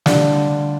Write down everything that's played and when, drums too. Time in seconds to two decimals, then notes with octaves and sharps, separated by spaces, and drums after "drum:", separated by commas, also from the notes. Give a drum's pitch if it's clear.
0.06 D3 G3 D4 F4 D5, drum: snare